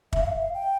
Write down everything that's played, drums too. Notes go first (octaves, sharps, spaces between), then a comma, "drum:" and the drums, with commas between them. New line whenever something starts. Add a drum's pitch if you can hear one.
E5, drum: kick
F5
E5
F5
G5